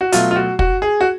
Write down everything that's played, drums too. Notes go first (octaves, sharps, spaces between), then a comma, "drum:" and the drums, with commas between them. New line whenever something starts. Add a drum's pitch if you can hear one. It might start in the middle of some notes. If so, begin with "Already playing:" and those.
F#4
B2 F#3 A3 F4, drum: hi-hat
F4
F#4
F#4, drum: kick
G#4
F#4